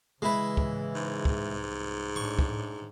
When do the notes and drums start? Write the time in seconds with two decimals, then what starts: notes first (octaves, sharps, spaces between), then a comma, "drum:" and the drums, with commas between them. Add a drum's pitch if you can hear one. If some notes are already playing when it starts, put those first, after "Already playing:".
0.22 C#3 E3 G#3 E4 B4
0.57 drum: kick
0.95 G#2
1.25 drum: kick
1.47 C2
2.16 A2 D4 C#6
2.39 drum: kick